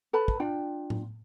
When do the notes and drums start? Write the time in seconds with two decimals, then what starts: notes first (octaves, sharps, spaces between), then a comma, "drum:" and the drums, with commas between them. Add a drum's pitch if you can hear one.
0.13 A4 B4 A5 B5
0.28 drum: kick
0.40 D4 F4 G5
0.90 drum: tom A2